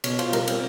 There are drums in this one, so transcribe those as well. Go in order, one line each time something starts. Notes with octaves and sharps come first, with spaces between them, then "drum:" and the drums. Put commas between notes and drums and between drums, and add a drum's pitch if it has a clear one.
B2 C#5, drum: cymbal
F4 C5, drum: cymbal
G3 A#4, drum: cymbal
C4, drum: cymbal